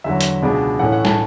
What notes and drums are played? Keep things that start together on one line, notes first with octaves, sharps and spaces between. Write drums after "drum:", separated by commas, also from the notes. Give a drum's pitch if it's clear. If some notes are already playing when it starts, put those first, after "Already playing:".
E2 D3 F#3 E5
drum: hi-hat
C#2 B2 G#3 D4
A2 E3 A3 C#4 F#5
F#5
A5, drum: snare